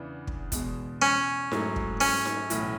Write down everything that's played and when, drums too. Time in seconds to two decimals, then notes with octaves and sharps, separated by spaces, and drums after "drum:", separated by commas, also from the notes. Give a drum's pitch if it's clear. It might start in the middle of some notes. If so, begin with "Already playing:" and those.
Already playing: E2 C#3 E3 B3 D4
0.27 drum: kick
0.52 E2 B2 G#3, drum: kick, hi-hat
1.02 C#4
1.52 G#2 F#3 A3 E4, drum: snare D#4
1.76 drum: kick
2.01 C#4, drum: open hi-hat
2.25 drum: snare D#4
2.50 B1 A2 E3, drum: hi-hat